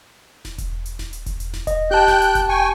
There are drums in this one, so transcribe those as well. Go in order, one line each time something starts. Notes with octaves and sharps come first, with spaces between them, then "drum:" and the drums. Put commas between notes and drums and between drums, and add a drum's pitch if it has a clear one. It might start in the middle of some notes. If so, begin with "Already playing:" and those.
drum: snare D#1
drum: kick E1, hi-hat
drum: hi-hat
drum: snare D#1
drum: hi-hat
drum: kick E1, hi-hat
drum: hi-hat
drum: snare D#1
D#5, drum: kick E1, hi-hat
G4 G5 A5 F#6 G6
drum: snare D#1
drum: hi-hat
drum: kick E1, hi-hat
G5 G#5 C#6